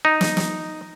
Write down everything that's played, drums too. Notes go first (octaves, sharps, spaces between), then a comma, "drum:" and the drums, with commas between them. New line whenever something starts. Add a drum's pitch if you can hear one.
D#4
drum: snare
drum: snare